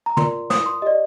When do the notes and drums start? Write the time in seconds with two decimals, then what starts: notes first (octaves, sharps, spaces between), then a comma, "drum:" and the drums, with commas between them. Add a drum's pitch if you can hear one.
0.06 A#5
0.17 F4 A#4 D5 C6, drum: tom
0.50 D#6, drum: snare
0.66 C6
0.82 G4 D5 D#5